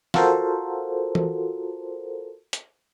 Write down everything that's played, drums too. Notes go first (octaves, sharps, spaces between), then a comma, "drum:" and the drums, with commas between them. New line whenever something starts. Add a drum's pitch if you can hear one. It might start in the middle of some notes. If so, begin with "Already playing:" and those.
F4 F#4 A4 A#4 C5, drum: snare
drum: tom E3
drum: hi-hat